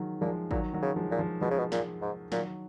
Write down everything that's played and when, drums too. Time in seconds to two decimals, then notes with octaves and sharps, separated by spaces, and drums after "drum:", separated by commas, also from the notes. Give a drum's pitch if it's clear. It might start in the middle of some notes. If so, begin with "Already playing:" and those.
Already playing: D#3 F3 F#3 G#3
0.21 A#2 F3 G#3
0.51 A#2 D#3 F#3, drum: kick G#1
0.74 D#3 F#3
0.82 C#3
0.96 F3 G#3
1.11 A#2
1.19 F3 G#3
1.41 B2 F3 G#3
1.51 C#3
1.59 B2
1.72 A#2, drum: snare
2.02 G#2
2.32 A#2 D#3 F#3, drum: snare